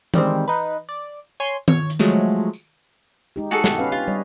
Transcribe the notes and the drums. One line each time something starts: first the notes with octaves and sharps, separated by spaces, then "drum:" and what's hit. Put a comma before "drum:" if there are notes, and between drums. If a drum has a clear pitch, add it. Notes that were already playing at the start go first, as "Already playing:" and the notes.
D#3 G3 G#3 C4, drum: tom E3
D#4 B4
D5
C#5 G#5 C6
C#5, drum: tom D#3
drum: hi-hat
F3 F#3 G#3 A3
drum: tambourine
G#3 D#4 G4
F#4 G#4 A4
B3 G4, drum: snare
C#4 B4 F5
D4 F4 G4
G3 C#5 D#5